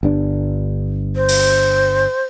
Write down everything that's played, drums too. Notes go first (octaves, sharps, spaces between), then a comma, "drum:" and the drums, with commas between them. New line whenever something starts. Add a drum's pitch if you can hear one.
G1 G2 D4
C5
drum: open hi-hat